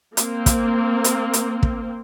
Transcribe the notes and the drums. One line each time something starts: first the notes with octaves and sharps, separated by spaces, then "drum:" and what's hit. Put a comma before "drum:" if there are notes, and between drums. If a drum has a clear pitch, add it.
A#3 C4, drum: hi-hat
drum: kick, hi-hat
drum: hi-hat
drum: hi-hat
drum: kick